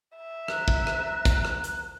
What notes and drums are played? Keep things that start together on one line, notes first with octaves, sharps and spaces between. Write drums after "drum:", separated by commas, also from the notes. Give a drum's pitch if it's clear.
E5
A#5 F#6, drum: rim click
drum: kick
drum: rim click
drum: kick, hi-hat
drum: rim click
drum: hi-hat